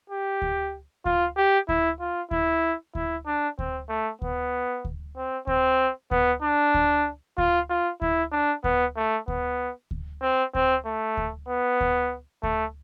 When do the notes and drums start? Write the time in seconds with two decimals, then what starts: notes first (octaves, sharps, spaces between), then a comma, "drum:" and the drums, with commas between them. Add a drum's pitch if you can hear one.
0.10 G4
0.42 drum: kick D2
1.05 F4, drum: kick D2
1.37 G4
1.69 E4, drum: kick D2
2.00 F4
2.31 E4, drum: kick D2
2.95 E4, drum: kick D2
3.27 D4
3.59 C4, drum: kick D2
3.89 A3
4.22 B3, drum: kick D2
4.85 drum: kick D2
5.17 C4
5.47 C4, drum: kick D2
6.11 B3, drum: kick D2
6.42 D4
6.74 drum: kick D2
7.38 F4, drum: kick D2
7.70 F4
8.02 E4, drum: kick D2
8.32 D4
8.64 B3, drum: kick D2
8.96 A3
9.28 B3, drum: kick D2
9.91 drum: kick D2
10.22 C4
10.55 C4, drum: kick D2
10.86 A3
11.17 drum: kick D2
11.49 B3
11.81 drum: kick D2
12.43 A3, drum: kick D2